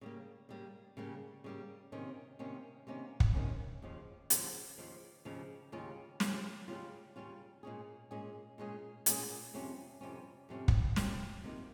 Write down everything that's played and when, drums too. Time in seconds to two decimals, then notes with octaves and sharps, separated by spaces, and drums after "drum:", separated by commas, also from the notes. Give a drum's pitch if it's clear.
0.01 C#3 G3 A#3
0.49 C#3 G3 A#3
0.97 C#3 G3 A#3
1.44 C#3 G3 A#3
1.92 C3 D#3 A#3 C#4
2.39 C3 D#3 A#3 C#4
2.87 C3 D#3 A#3 C#4
3.20 drum: kick
3.35 C3 D#3 A#3 C#4
3.82 D#2 C#3 F3
4.30 D#2 C#3 F3, drum: hi-hat
4.78 D#2 C#3 F3
5.25 D#2 C#3 F3
5.72 D#2 C#3 G3 C#4 F4
6.20 D#2 C#3 G3 C#4 F4, drum: snare
6.68 D#2 C#3 G3 C#4 F4
7.16 D#2 C#3 G3 C#4 F4
7.63 A#2 G#3 C#4 G#4
8.11 A#2 G#3 C#4 G#4
8.58 A#2 G#3 C#4 G#4
9.06 A#2 G#3 C#4 G#4, drum: hi-hat
9.54 F2 C3 G3 C#4
10.01 F2 C3 G3 C#4
10.49 F2 C3 G3 C#4
10.68 drum: kick
10.96 F2 C3 G3 C#4, drum: snare
11.44 C3 F3 A#3 D#4